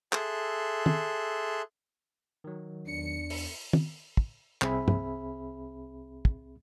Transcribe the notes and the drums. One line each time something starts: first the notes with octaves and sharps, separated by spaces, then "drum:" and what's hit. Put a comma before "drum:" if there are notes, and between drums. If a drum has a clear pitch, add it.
G#4 A4 E5 C6 F#6, drum: clap
drum: tom
D#3 F#3
E2 D4 C#7
drum: open hi-hat
drum: tom
drum: kick
C2 C4 G#4 E5 B5, drum: clap
drum: tom
drum: kick